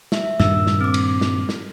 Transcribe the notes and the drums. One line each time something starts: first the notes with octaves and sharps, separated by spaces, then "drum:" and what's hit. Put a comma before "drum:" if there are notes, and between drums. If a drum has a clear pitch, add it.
E5, drum: snare
G2 A#2 D#3 E6, drum: snare
drum: snare
C4 D6
drum: cymbal
drum: snare
drum: snare